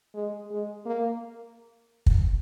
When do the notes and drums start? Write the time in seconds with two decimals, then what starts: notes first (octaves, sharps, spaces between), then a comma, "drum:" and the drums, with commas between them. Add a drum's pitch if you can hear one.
0.14 G#3
0.51 G#3
0.86 A#3
2.06 drum: kick